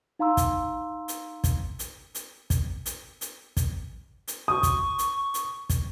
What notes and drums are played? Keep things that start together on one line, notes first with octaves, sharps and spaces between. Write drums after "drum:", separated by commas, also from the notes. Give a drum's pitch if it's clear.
D#4 F5 A#5 C6 E6
drum: kick, hi-hat
drum: hi-hat
drum: kick, hi-hat
drum: hi-hat
drum: hi-hat
drum: kick, hi-hat
drum: hi-hat
drum: hi-hat
drum: kick, hi-hat
drum: hi-hat
C#6 D#6
drum: kick, hi-hat
drum: hi-hat
drum: hi-hat
drum: kick, hi-hat